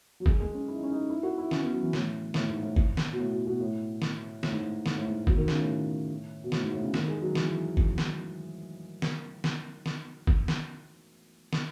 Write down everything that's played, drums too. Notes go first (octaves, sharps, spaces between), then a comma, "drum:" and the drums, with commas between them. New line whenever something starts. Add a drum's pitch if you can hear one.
F#3
G#3, drum: kick
G#3
C#4
E4
D#4
C#4
D#4
E4
F#4
E4
C#4, drum: snare
B3
F#3
E3
A2, drum: snare
A2, drum: snare
G#2
A2
drum: kick
drum: snare
B2
A2
B2
B2
A2
drum: snare
A2, drum: snare
G#2
A2
G#2, drum: snare
A2
G#2
B2, drum: kick
D#3
C#3, drum: snare
A2
B2
A2, drum: snare
G#2
A2
C#3
D#3, drum: snare
G#3
F#3
E3, drum: snare
drum: kick
drum: snare
drum: snare
drum: snare
drum: snare
drum: kick
drum: snare
drum: snare